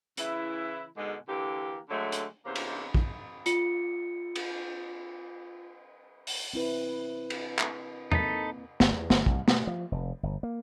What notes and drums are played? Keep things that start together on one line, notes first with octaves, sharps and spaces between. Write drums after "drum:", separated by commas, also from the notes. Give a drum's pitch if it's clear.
C#3 E3 E4, drum: hi-hat
G#2 B2 D3 G#3
D3 E3 A#3 G4
D3 F#3 G#3 A3
drum: hi-hat
E2 C3 A#3 C#4 C5
drum: cymbal
drum: kick
F4 C#7, drum: hi-hat
drum: cymbal
drum: open hi-hat
C4 E4 B4
drum: cymbal
drum: clap
A#3 C4 D#4 A4 B5, drum: tom E2
G1, drum: snare
E2
G1, drum: snare
C2, drum: kick
B2, drum: snare
F3
F1
G1
A#3